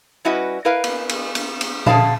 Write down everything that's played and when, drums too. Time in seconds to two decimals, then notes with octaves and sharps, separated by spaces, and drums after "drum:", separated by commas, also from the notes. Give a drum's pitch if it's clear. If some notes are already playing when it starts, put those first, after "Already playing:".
0.25 G3 C#4 E4 F#4 B4 D#5
0.65 E4 A#4 B4 F5
0.84 drum: cymbal
1.09 drum: cymbal
1.35 drum: cymbal
1.61 drum: cymbal
1.86 B2 D3 G#4 F5 A5, drum: tom A#2